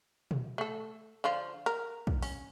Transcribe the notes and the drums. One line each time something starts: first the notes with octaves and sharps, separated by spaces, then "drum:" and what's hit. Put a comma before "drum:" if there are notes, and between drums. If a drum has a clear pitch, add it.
drum: tom A#2
A3 A4
D3 F3 F4
A#4
drum: kick
C#4, drum: open hi-hat